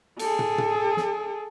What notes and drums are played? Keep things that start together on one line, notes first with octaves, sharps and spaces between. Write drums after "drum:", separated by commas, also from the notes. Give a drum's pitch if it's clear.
G#4 A4, drum: cymbal
drum: tom
drum: tom
drum: snare